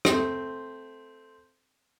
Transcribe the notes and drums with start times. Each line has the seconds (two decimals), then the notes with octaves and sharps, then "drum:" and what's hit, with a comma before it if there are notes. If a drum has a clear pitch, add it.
0.05 A3 C4 C6, drum: rim click